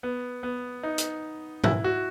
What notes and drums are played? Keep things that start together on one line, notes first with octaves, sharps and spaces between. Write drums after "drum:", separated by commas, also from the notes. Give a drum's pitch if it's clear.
B3
B3
D#4
drum: hi-hat
E4, drum: tom G#2
F#4